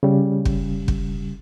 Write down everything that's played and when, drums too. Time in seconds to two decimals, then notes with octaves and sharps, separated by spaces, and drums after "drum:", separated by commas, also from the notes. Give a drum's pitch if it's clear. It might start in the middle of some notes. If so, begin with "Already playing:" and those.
0.03 C#3 G3
0.45 drum: kick
0.88 drum: kick